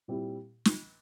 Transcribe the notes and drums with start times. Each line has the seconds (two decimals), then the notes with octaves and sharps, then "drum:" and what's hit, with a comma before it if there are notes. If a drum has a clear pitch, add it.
0.08 A#2 G3 C4 E4 G4
0.65 drum: snare